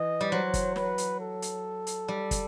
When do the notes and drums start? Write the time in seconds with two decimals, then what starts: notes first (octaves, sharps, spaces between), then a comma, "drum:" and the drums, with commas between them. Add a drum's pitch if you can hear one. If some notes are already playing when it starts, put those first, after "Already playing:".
Already playing: E3 D#5
0.21 G3
0.31 F#3 C5
0.54 drum: kick, hi-hat
0.76 B4, drum: snare
0.98 drum: hi-hat
1.20 A4
1.42 drum: hi-hat
1.87 drum: hi-hat
2.08 G3
2.31 drum: kick, hi-hat